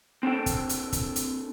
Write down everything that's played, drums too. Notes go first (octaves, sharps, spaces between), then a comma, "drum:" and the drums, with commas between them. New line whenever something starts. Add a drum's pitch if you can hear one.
C4 D4 A4 G5
drum: kick, hi-hat
drum: hi-hat
drum: kick, hi-hat
drum: hi-hat